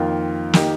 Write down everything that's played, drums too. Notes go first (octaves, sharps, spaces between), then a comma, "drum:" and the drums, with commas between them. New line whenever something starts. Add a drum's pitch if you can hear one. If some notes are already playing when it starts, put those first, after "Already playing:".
Already playing: F2 D#3 A#3 F4
D#3 A#3 D#4 G4, drum: snare